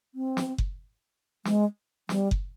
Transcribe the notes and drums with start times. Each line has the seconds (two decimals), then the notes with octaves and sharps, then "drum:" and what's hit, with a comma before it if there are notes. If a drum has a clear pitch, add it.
0.15 C4
0.37 drum: snare
0.58 drum: kick F#1
1.45 G#3, drum: snare
2.09 G3, drum: snare
2.31 drum: kick F#1